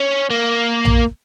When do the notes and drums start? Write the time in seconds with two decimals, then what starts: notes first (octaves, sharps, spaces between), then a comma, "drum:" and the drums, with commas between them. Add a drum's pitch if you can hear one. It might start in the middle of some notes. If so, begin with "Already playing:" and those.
Already playing: C#4
0.30 A#3
0.85 drum: tom A#1